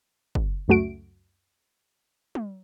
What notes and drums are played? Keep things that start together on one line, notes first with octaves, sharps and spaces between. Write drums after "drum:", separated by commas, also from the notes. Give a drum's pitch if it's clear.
drum: kick
C#2 F#2 A3 F#4 D7
drum: tom